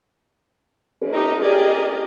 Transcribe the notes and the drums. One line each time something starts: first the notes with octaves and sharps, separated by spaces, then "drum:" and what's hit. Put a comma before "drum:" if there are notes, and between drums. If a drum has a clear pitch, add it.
drum: cymbal
D#4 G4 A#5
G4 G#4 A#4 D5 D#5